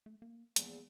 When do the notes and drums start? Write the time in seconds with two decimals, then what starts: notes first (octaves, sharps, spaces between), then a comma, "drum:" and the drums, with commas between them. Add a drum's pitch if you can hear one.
0.06 A3
0.22 A#3
0.56 A#1 E2 G#3, drum: hi-hat